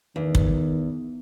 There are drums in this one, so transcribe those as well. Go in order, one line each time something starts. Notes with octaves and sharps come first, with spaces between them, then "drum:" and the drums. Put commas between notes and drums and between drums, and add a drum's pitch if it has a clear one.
E2 D#3
drum: kick